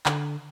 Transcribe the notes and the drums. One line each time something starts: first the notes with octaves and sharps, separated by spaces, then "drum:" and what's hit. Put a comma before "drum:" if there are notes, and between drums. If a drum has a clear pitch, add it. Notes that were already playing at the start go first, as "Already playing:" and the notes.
D3, drum: clap